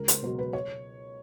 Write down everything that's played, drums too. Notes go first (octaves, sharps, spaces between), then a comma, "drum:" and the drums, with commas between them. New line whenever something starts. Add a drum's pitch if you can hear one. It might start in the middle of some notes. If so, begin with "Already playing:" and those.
Already playing: C#2 A#4
C5, drum: hi-hat
B2 F#3 C5
B4
C#5